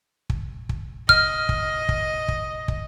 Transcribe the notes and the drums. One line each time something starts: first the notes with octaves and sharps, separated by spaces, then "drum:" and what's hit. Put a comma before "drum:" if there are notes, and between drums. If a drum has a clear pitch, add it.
drum: kick
drum: kick
D#5 F6, drum: kick
drum: kick
drum: kick
drum: kick
drum: kick